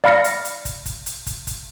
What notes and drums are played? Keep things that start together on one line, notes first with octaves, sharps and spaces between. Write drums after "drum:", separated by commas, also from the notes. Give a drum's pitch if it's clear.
D5 F5 B5 F6 A#6 C#7, drum: snare D#4
drum: hi-hat
drum: hi-hat
drum: kick, hi-hat
drum: kick, hi-hat
drum: hi-hat
drum: kick, hi-hat
drum: kick, hi-hat